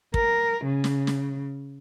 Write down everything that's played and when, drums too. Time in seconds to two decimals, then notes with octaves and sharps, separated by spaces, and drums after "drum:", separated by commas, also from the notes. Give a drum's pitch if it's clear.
0.14 A#4, drum: kick
0.64 C#3
0.84 drum: snare
1.07 drum: snare